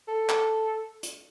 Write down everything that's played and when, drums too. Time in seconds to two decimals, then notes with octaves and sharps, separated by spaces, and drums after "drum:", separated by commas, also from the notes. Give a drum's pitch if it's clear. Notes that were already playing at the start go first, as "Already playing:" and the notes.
0.08 A4
0.29 drum: clap
1.03 drum: hi-hat